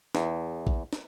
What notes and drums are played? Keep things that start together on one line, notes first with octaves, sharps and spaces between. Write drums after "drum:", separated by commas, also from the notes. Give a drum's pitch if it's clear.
E2, drum: snare
drum: kick A#1
drum: snare